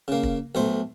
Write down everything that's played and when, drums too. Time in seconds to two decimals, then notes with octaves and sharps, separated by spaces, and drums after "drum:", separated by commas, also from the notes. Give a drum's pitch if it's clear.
0.08 C#3 A#3
0.23 drum: kick
0.55 B1 A3 C5